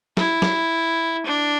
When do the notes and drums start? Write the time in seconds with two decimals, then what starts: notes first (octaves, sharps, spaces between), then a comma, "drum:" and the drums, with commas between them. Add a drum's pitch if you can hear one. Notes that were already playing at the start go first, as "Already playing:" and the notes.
0.17 E4, drum: snare
0.42 drum: snare
1.26 D4